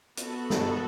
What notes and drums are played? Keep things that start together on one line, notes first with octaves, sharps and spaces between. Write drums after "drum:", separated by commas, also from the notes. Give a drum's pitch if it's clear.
B3 F#4 A4, drum: hi-hat
drum: snare